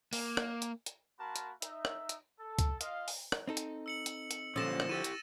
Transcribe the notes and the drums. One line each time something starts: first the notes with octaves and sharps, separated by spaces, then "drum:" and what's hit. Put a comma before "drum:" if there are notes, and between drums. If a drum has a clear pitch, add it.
A#3, drum: open hi-hat
drum: rim click
drum: hi-hat
drum: hi-hat
A#3 F#4 A#4 A5 B5 C6
drum: hi-hat
D#4 E5, drum: hi-hat
drum: rim click
drum: hi-hat
A4
drum: kick, hi-hat
F4 D#5 F5, drum: hi-hat
drum: open hi-hat
drum: rim click
C4 D#4 A4
drum: hi-hat
E6 C#7 F#7
drum: hi-hat
drum: hi-hat
A#2 D3 F3 C#4 E6 A#6 E7
drum: rim click
E4 G4 G5 E6 A6 D#7
drum: hi-hat